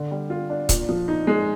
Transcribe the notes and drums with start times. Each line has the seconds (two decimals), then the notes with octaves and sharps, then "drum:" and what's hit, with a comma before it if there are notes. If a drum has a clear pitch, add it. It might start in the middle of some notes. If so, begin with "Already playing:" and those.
Already playing: D3
0.11 G3
0.30 F4
0.50 D4
0.69 A#2, drum: kick C#1, hi-hat
0.89 F3
1.08 D#4
1.27 G#3